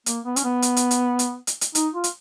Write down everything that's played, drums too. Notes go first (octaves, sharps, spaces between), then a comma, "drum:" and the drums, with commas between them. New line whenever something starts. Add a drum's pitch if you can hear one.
A#3, drum: hi-hat
B3
C#4, drum: hi-hat
B3
drum: hi-hat
drum: hi-hat
drum: hi-hat
drum: hi-hat
drum: hi-hat
drum: hi-hat
D#4, drum: hi-hat
F4
drum: hi-hat